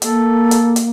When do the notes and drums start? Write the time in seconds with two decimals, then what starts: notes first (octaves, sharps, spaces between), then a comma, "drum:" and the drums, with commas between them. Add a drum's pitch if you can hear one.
0.02 A#3 A4, drum: hi-hat
0.51 drum: hi-hat
0.76 drum: hi-hat